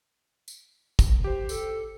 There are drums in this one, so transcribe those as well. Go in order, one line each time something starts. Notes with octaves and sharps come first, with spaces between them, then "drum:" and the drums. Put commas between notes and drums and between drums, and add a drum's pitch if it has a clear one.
drum: tambourine
drum: kick, tambourine
G4 C5
A4, drum: tambourine